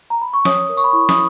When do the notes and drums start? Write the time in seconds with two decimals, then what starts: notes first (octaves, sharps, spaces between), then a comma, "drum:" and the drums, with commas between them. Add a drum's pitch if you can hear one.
0.10 A#5
0.22 B5
0.33 C#6
0.45 C#5 D#6, drum: snare
0.69 A#4
0.77 C#6, drum: tambourine
0.84 B5
0.92 E4 C#6
1.09 D#6, drum: snare